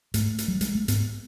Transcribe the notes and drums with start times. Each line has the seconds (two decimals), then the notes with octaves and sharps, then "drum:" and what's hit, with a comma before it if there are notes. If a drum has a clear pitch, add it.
0.14 G#2 A3, drum: hi-hat
0.38 drum: hi-hat
0.48 F#3
0.61 G#3, drum: hi-hat
0.75 A3
0.88 G#2 B3, drum: hi-hat